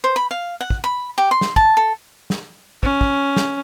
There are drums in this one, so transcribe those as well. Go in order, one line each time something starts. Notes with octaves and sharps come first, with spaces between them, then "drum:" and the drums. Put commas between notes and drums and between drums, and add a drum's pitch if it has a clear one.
C5
B5
F5
F#5
drum: kick
B5
G4
C6
drum: snare
A5, drum: kick
A4
drum: snare
C#4, drum: kick
drum: kick
drum: snare